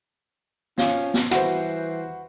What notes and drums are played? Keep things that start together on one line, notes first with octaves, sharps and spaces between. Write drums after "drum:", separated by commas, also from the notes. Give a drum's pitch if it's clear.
F3 C#4, drum: snare
drum: snare
E3 G3 F#4 B4 C5 C6, drum: hi-hat